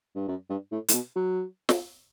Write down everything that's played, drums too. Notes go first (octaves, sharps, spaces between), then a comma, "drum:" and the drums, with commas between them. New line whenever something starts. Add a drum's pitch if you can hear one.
G2
F#2
G2
A2
A2, drum: hi-hat
B2
F#3
drum: snare